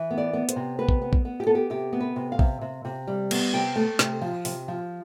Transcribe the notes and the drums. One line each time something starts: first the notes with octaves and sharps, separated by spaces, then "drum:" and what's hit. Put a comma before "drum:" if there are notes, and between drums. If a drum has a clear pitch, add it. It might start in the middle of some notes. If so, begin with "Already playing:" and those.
Already playing: E3
B3
D5
B3
C5, drum: hi-hat
C3
B3 B4
drum: kick
B3
drum: kick
B3
G4
B3 A4
G4
C3 G4
B3
B4
C3
F5
C3, drum: kick
C3
C3
G3
B3, drum: cymbal
C3 G5
A3
C3, drum: snare
F3
C3, drum: open hi-hat
F3